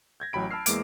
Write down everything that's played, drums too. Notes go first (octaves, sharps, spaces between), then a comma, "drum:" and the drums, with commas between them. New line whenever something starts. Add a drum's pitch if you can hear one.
G6 G#6 A#6
A1 F#3 G5 B5 D7
A5 B5 E6 F6 C7
E2 G#3 A#3 D6 D7, drum: hi-hat